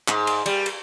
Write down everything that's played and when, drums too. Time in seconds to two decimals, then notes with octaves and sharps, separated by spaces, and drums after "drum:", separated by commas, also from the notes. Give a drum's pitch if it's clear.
0.08 G#2, drum: clap
0.27 drum: cymbal
0.46 G3, drum: cymbal
0.66 drum: cymbal